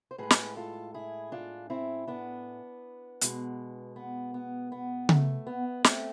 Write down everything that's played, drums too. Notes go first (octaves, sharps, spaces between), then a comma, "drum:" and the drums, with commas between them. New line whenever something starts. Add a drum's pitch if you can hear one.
C5
A2 G#3 G#4 B4
drum: snare
F4 A4
E4 G#4
D4 F4
C4 E4
B3 D4
B2 G#3, drum: hi-hat
B3
B3
B3
A3, drum: tom C#3
B3
A3 C4, drum: snare